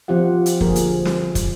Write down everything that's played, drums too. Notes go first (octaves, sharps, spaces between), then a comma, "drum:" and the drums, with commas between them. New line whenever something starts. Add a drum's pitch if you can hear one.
F3 C4 F4 G4 F#5
drum: hi-hat
D3 F3 A#3 G#4 A#4, drum: kick
drum: hi-hat
drum: snare
drum: kick, hi-hat